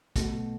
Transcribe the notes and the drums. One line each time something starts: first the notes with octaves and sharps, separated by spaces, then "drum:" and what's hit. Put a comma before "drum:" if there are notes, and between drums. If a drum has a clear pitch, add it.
B2 A3 F#4, drum: kick, hi-hat